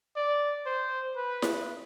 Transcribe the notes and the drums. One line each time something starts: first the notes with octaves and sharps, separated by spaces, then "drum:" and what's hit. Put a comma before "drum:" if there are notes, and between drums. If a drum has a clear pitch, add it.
D5
C5
B4
drum: snare E4